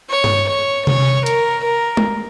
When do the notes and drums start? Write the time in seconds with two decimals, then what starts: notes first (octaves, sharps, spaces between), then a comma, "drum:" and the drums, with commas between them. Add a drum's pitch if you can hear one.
0.10 C#5
0.24 drum: tom G2
0.49 C#5
0.87 C#5, drum: tom C3
1.26 A#4, drum: hi-hat
1.65 A#4
1.97 drum: tom G#3